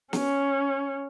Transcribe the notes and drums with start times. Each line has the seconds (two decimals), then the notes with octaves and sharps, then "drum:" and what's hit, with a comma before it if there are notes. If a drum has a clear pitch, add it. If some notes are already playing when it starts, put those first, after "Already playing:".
0.13 C#4, drum: snare